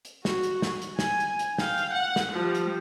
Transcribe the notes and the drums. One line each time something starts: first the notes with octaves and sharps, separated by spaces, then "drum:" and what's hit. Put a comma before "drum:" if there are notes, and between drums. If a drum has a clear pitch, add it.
drum: hi-hat
F#4, drum: snare
drum: hi-hat
drum: snare
drum: hi-hat
G#5, drum: snare
drum: hi-hat
drum: hi-hat
F5 G5, drum: snare
drum: hi-hat
F#5
drum: snare
F3 G3
drum: hi-hat